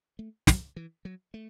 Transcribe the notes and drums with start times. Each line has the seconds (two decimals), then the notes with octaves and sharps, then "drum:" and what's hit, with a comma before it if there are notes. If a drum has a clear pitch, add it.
0.19 A3
0.47 F#3, drum: snare
0.76 E3
1.05 F#3
1.34 A3